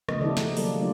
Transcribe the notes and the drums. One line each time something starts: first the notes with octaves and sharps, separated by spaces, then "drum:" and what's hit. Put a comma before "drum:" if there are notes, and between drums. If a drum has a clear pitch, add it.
C#3 F3 A3 B3 D#5, drum: rim click
D#4 E4 G4 A4 D5 D#5, drum: tom D3
F3, drum: snare
D#3 F#3 G3 A#3 A4 D5, drum: open hi-hat
F#3 G3 A3 D4 F4 D5